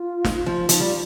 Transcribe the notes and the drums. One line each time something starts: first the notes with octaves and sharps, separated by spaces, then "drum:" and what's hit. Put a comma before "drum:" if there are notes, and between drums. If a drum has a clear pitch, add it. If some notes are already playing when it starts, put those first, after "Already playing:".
Already playing: F4
drum: snare
F3
F3 D#4, drum: hi-hat
G3 F4